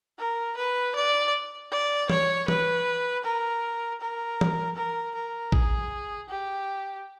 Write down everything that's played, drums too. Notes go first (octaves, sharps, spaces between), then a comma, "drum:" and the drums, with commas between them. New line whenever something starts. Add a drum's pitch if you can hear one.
A#4
B4
D5
D5
C#5, drum: tom
B4, drum: tom
A#4
A#4
drum: tom
A#4
A#4
G#4, drum: kick
G4